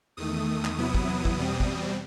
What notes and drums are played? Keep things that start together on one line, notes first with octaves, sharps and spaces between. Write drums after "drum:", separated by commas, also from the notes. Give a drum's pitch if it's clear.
E2 D#3 A3 D#6
drum: clap
E2 C3 F#3 B3 E4
drum: kick
drum: kick
E2 B2 G3 C4
drum: kick